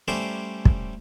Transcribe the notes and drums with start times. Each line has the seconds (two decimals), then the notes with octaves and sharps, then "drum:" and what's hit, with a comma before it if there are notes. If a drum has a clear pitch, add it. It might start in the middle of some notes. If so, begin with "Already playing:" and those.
0.08 G3 A3 C#4 C5 D5
0.65 drum: kick